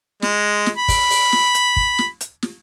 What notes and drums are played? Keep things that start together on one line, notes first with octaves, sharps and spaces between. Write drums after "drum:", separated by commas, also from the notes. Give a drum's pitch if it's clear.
G#3, drum: snare
drum: snare
B5
drum: kick, open hi-hat
drum: open hi-hat
drum: snare
drum: hi-hat
drum: kick
drum: snare
drum: hi-hat
drum: snare